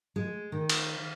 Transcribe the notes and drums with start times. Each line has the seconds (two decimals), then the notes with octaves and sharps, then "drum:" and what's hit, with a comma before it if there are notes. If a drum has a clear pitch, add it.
0.16 G#3
0.52 D#3
0.70 drum: cymbal